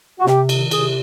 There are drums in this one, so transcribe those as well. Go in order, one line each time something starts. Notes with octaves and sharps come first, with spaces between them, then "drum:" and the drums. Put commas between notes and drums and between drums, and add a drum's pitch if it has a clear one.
F#4
C3 G4, drum: snare
D#3, drum: cymbal
C3 G#4, drum: cymbal